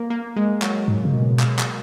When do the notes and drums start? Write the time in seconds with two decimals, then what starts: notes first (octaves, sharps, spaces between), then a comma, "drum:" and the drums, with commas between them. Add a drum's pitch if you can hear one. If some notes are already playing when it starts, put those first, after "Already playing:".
Already playing: A#3
0.10 A#3
0.36 G#3
0.62 F#3, drum: clap
0.88 G#2
1.05 C#3
1.14 B2
1.39 drum: clap
1.59 drum: clap